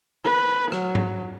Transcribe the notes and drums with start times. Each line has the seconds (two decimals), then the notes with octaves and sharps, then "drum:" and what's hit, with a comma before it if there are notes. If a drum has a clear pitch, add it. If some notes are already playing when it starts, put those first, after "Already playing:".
0.24 B4
0.72 F#3, drum: rim click
0.95 drum: tom G#2